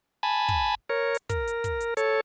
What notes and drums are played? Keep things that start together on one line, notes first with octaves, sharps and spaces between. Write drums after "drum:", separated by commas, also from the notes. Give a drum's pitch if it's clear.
G#5 A5 B5
drum: kick
A#4 C#5
drum: hi-hat
A#4, drum: kick, hi-hat
drum: hi-hat
drum: kick, hi-hat
drum: hi-hat
A4 C#5, drum: hi-hat